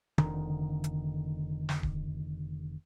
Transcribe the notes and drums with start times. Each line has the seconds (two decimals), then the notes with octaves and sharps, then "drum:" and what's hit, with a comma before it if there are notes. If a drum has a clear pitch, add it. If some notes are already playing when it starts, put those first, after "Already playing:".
0.18 F1 D3 D#3, drum: tom D3
0.84 drum: hi-hat
1.69 drum: snare
1.83 drum: kick D1